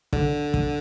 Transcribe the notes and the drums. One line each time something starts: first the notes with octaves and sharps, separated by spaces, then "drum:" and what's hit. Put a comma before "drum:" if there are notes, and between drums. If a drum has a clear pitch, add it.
D3, drum: kick
drum: kick